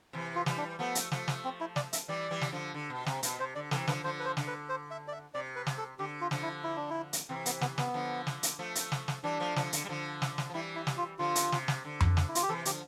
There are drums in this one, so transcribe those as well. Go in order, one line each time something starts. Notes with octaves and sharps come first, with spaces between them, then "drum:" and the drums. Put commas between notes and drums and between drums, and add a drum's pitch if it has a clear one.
C3 E3
F4
E3 G3, drum: snare
D4
F3 A3 B3
drum: hi-hat
F3 A3, drum: snare
drum: snare
C4
E4
D5, drum: snare
E5, drum: hi-hat
E3 G3 D5
E3 G3
drum: snare
D3 F3
D3
B2
C3, drum: snare
B2, drum: hi-hat
C3 C5
D3 D5
C3 E3 A4, drum: snare
D3 F3 B4, drum: snare
D3 F3 C5
B4
C5
D3, drum: snare
B4
C5
E5
D5
E5
C3 D5
B4
drum: snare
A4
D3 G4
F4
D3 F3, drum: snare
E4
E4
D4
E4
drum: hi-hat
C3 E3 C4
B3, drum: hi-hat
B3, drum: snare
B3, drum: snare
D3 F3
drum: snare
drum: hi-hat
F3 A3
drum: hi-hat
drum: snare
drum: snare
E3 G3 D4
F3 A3
D3 F3, drum: snare
D3, drum: hi-hat
G3
D3 F3
drum: snare
drum: snare
F3
E3 G3 E4
E4
drum: snare
F4
D3 F3 F4
drum: hi-hat
C3, drum: snare
drum: snare
D3
drum: tom F2
drum: snare
E4
F4, drum: hi-hat
G4
C3 E3 A4
D3 F3 G4, drum: hi-hat